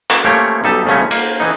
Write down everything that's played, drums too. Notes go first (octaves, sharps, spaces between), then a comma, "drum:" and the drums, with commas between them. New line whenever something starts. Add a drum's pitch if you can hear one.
drum: clap
F3 A3 A#3 C#4 G4 C#5
B1 G3 D#4 A4 E5 A5
C2 C#3 F3 A3 C#4
A#3, drum: cymbal
E3 D#4